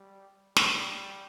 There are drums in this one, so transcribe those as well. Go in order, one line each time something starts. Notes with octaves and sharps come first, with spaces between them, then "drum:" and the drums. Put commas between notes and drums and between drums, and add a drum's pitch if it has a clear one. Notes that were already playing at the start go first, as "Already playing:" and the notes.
Already playing: G3
G3, drum: snare